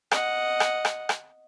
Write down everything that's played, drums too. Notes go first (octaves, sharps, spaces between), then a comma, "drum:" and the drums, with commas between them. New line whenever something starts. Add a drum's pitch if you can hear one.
D#5 F#5, drum: rim click
drum: rim click
drum: rim click
drum: rim click